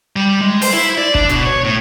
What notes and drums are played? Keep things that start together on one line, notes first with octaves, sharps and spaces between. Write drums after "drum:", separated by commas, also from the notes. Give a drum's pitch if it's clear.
G3
G#3
C5, drum: open hi-hat
E4
D5
D4, drum: kick
B2, drum: hi-hat
C#5
A2